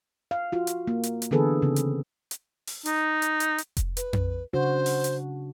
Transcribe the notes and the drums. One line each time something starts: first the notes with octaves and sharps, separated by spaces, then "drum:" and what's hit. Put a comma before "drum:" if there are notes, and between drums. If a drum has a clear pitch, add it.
F5
F4 F#4
drum: hi-hat
A#3
drum: hi-hat
drum: hi-hat
D3 E3 B3 G#4 A4 B4
C#3 C4
drum: hi-hat
drum: hi-hat
drum: open hi-hat
D#4, drum: hi-hat
drum: hi-hat
drum: hi-hat
drum: hi-hat
drum: kick F1, hi-hat
B4, drum: hi-hat
drum: tom F2
C#3 D4 F#4 C5
drum: open hi-hat
drum: hi-hat